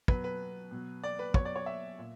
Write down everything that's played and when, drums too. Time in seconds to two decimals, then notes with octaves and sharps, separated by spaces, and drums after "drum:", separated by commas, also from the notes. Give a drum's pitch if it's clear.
0.08 B2 F#3 B4, drum: kick
0.24 B4
0.71 B2 F#3
1.04 D5
1.19 B4
1.34 B2 F#3 C#5, drum: kick
1.45 D5
1.56 C#5
1.66 E5
1.99 A#2